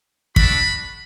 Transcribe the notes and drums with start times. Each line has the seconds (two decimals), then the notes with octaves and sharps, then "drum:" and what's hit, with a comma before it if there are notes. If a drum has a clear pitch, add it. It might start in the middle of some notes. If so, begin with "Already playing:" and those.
0.36 A3 D4 F#4 B5, drum: kick